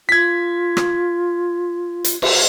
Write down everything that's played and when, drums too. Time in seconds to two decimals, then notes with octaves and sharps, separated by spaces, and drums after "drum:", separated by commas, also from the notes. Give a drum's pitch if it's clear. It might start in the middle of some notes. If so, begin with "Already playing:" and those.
0.09 F4 G#6 B6
0.77 drum: rim click
2.04 drum: hi-hat
2.22 drum: cymbal